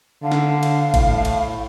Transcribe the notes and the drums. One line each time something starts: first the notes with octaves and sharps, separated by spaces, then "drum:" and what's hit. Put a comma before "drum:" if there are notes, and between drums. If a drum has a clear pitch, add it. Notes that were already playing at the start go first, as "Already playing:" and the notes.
D3 F5
drum: snare
drum: cymbal
A2, drum: kick, cymbal
drum: cymbal